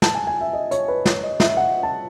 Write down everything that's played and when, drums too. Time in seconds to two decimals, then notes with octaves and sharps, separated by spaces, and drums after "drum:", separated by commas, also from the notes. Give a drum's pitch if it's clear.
0.02 A5, drum: snare
0.15 G#5
0.27 G#5
0.41 E5
0.53 D#5
0.71 C#5, drum: hi-hat
0.88 B4
1.06 C#5, drum: snare
1.23 D#5
1.40 E5, drum: snare
1.57 F#5
1.83 A5